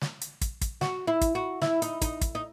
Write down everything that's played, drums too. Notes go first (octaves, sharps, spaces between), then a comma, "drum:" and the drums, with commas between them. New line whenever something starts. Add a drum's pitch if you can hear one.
drum: snare
drum: hi-hat
drum: kick, hi-hat
drum: kick, hi-hat
F#4, drum: snare
E4
drum: kick, hi-hat
F#4
E4, drum: snare
D#4, drum: hi-hat
D#4, drum: kick, hi-hat
drum: kick, hi-hat
D#4